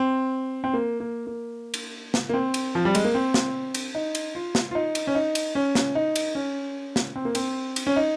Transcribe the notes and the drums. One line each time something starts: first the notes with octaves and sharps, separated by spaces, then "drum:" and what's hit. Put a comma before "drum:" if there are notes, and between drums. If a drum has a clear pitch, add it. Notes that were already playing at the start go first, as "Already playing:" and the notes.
Already playing: C4
C4
A#3
A#3
A#3
drum: cymbal
drum: snare
A#3
C4
drum: cymbal
F3
G3
G#3, drum: cymbal
A#3
C4
drum: snare
drum: cymbal
D#4
drum: cymbal
F4
drum: snare
F4
D#4
drum: cymbal
C#4
D#4
drum: cymbal
C#4
drum: snare
D#4
drum: cymbal
C#4
drum: snare
C4
A#3
C4, drum: cymbal
drum: cymbal
C#4
D#4